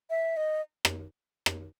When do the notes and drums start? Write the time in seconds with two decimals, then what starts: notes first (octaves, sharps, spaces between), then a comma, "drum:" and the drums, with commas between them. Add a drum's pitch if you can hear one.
0.10 E5
0.37 D#5
0.85 drum: rim click
1.46 drum: rim click